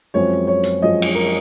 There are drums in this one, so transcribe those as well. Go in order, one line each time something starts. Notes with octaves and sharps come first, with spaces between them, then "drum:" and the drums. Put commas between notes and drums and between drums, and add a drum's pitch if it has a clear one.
F#2 F3 G#3 C4 C#5
C#5
drum: hi-hat
F#2 F3 G#3 C4 D#5
drum: cymbal
A#4